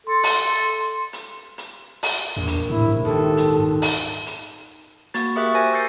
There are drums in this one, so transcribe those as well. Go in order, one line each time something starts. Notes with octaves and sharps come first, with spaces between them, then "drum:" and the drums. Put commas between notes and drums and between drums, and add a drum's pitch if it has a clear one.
A4 C6
drum: open hi-hat
drum: hi-hat
drum: hi-hat
drum: open hi-hat
A#1 E2
drum: hi-hat
A2 E4
G#2
D#1 D#2 A4
drum: hi-hat
drum: open hi-hat
drum: hi-hat
A#3 F#4 A6, drum: hi-hat
G4 G#4 A#4 E5 C#6 F#6
A#4 C5 G#5 A#6
E6 G6 A6 C7 C#7